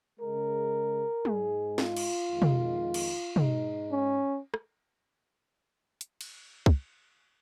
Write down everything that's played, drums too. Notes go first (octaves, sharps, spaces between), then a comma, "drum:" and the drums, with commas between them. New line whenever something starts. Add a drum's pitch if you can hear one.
C#3 G#3 A#4
G#2 G#3 G#4, drum: tom
F4, drum: snare
drum: cymbal
F2 D#3 G#3
drum: tom
drum: cymbal
G#2 G#3 D#4, drum: tom
C#4
drum: rim click
drum: hi-hat
drum: cymbal
drum: kick